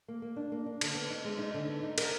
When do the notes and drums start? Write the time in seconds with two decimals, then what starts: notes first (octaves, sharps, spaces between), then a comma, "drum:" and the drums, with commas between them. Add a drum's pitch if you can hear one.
0.08 A#3
0.22 A#3
0.36 D4
0.52 A#3
0.66 D4
0.81 D3, drum: cymbal
0.95 B3
1.10 D#4
1.25 G#3
1.39 D#4
1.54 D3
1.68 B3
1.83 D#4
1.98 A#4, drum: cymbal